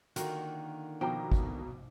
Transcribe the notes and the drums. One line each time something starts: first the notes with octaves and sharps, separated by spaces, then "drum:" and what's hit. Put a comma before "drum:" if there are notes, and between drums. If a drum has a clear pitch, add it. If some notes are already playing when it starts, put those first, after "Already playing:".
D3 D#3 A#3 F4 F#4, drum: hi-hat
B2 F3 G5 A#5 D6
drum: kick